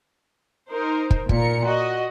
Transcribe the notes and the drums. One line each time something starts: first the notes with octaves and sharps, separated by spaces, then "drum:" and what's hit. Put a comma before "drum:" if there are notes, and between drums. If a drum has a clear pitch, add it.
D#4 A#4 C5
drum: kick
A#2 A#4 C#7, drum: kick
F#4 D#5